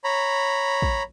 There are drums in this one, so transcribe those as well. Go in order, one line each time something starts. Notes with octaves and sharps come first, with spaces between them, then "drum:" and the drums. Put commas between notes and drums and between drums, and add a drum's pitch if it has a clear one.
C#5 A#5 B5
drum: kick